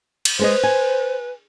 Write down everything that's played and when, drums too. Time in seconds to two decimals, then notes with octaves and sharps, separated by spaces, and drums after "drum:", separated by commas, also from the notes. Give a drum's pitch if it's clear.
0.25 drum: cymbal
0.39 G#3 G#4 B4 C5 D#5
0.63 G#5